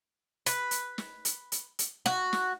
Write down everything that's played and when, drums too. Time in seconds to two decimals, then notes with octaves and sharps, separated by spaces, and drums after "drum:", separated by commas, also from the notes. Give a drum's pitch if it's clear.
0.46 B4, drum: hi-hat
0.71 drum: hi-hat
0.98 drum: snare
1.25 drum: hi-hat
1.52 drum: hi-hat
1.79 drum: hi-hat
2.06 F#4, drum: snare
2.33 drum: snare